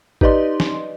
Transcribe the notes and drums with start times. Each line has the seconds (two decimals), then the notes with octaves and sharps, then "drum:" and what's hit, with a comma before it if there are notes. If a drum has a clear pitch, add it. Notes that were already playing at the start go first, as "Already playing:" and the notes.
0.21 D#4 G4 B4 D5 D#5 C6, drum: kick A1
0.60 drum: snare